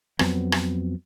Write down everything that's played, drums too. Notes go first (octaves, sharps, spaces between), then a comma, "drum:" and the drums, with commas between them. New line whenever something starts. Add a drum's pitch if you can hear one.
F2 F#3 B3 C4, drum: rim click
drum: rim click